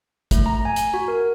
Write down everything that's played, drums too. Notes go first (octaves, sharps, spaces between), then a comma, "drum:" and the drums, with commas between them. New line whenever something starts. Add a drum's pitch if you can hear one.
A3, drum: kick, hi-hat
A#5
G#5
drum: hi-hat
F#4
A#4